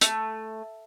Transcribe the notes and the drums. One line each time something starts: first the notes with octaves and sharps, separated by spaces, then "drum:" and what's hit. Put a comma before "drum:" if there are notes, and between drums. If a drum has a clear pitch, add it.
A3, drum: hi-hat